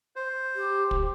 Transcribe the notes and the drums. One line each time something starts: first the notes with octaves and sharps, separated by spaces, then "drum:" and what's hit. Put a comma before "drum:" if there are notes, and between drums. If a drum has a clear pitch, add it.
C5
G4
drum: kick